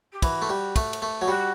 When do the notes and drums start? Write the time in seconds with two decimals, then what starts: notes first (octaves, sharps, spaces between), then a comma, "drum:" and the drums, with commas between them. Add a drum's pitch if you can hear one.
0.12 G4
0.22 E3 F#4, drum: kick, cymbal
0.42 A3
0.49 G3
0.76 A3, drum: kick, cymbal
0.93 drum: cymbal
1.02 A3
1.21 F#3
1.28 G3 F#4